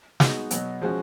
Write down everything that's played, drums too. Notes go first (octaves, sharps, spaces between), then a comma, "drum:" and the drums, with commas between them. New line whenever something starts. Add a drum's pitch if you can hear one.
G#3 B3 D#4 F#4, drum: snare
B2 F#3 B3, drum: hi-hat
F3 G#3 C#4 F#4